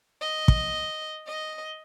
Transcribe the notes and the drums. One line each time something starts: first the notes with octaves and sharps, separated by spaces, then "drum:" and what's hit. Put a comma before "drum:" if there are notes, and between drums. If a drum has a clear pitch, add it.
D#5
drum: kick
D#5